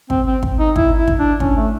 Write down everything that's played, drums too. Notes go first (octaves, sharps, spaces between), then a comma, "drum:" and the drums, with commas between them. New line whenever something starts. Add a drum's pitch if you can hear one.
C4, drum: kick
C4
drum: kick
D#4
E4, drum: kick
E4
drum: kick
D4
C#4, drum: kick
A3